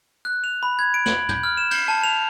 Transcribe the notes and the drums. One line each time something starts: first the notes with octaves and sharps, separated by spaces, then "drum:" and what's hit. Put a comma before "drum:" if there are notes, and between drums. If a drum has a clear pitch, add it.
F#6
F7
B5
G#6
D7
F#7, drum: snare
G6, drum: tom
F6
E7
G6, drum: cymbal
A5
F7